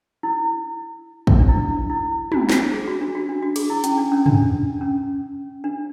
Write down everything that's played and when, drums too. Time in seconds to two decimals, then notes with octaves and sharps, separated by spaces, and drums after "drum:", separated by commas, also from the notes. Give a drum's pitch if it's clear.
0.23 E4
1.27 drum: kick
1.39 D4
1.49 E4
1.90 E4
2.32 F#4, drum: tom
2.50 drum: snare
2.73 G#4
2.88 F#4
3.01 D4
3.15 F#4
3.29 D4
3.43 F#4
3.56 G#4, drum: cymbal
3.70 E4
3.84 C#4, drum: hi-hat
3.98 D4
4.12 C#4
4.26 D4, drum: tom
4.81 C#4
5.64 D4